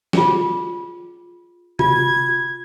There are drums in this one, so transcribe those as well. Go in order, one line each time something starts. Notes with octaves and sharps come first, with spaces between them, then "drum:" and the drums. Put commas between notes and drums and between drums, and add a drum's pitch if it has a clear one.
F4 G#4, drum: snare
F4 G#6, drum: tom C3